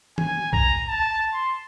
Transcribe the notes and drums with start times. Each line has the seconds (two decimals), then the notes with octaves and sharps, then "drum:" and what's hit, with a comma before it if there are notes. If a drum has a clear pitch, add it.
0.18 G#5, drum: tom
0.53 A#5, drum: kick B1
0.88 A5
1.33 C6